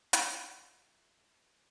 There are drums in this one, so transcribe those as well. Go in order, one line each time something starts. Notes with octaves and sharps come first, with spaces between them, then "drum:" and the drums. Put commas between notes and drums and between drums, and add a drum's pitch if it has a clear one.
drum: hi-hat
F4 E5